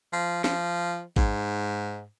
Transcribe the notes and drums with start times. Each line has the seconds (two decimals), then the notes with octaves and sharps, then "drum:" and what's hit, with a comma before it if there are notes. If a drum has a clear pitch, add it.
0.13 F3
0.44 F3, drum: snare
1.16 G#2, drum: kick A1